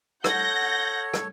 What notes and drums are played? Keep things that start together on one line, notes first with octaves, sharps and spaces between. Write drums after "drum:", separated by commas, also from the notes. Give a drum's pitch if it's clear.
A4 C#5 F#5 G6 A#6, drum: rim click
drum: rim click